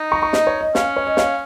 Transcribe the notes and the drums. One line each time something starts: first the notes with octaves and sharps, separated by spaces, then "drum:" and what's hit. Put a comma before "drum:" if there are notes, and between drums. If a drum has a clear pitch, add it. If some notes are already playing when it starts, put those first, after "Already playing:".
Already playing: D#4
A#5 C#6
A#5 C#6
D#5, drum: snare
C#5
D#5
C#4 C#5 F5, drum: snare
C#5
D#5
C#5 F5, drum: snare